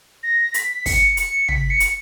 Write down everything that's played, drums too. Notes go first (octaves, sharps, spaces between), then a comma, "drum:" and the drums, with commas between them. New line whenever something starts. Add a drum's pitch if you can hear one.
A#6
B6, drum: hi-hat
C#7, drum: kick, open hi-hat
C#7, drum: hi-hat
B6, drum: tom
C#7
drum: hi-hat